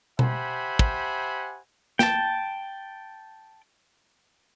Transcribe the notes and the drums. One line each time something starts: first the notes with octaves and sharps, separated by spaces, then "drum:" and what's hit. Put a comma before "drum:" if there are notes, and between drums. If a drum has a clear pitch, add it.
G4 C5 E5 F#5 G#5 B5, drum: tom B2
drum: kick
G5 A5, drum: snare